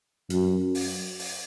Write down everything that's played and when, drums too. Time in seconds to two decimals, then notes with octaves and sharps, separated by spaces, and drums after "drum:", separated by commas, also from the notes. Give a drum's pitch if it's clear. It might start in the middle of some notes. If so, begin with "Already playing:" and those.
0.30 F#2, drum: hi-hat
0.75 drum: open hi-hat
1.19 drum: open hi-hat